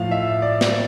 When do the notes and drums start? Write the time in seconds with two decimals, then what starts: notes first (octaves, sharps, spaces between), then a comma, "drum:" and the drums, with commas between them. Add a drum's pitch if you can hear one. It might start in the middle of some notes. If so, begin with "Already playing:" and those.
Already playing: A2 F3 F5
0.11 E5
0.42 D5
0.61 drum: snare